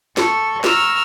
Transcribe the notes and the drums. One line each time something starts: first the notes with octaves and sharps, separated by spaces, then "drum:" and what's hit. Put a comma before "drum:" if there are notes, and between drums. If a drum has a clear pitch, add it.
A4 C#6, drum: snare
A#5 C#6 E6 F6, drum: snare